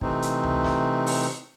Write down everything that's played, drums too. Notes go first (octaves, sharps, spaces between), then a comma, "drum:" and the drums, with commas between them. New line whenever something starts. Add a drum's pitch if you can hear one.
C3 E3 A3 C4 D#4, drum: kick
drum: hi-hat
drum: tom C#2
drum: snare
drum: open hi-hat